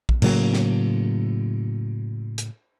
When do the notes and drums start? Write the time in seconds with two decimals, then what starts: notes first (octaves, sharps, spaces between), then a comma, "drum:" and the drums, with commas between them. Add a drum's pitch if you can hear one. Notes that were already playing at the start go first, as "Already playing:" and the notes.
0.09 drum: kick A#1
0.22 A2 C#3 F#3 A#3, drum: cymbal
0.53 drum: snare
2.38 drum: hi-hat